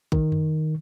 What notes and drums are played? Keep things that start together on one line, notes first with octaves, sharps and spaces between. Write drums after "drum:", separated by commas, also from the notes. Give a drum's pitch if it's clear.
D#3, drum: kick
drum: tom F2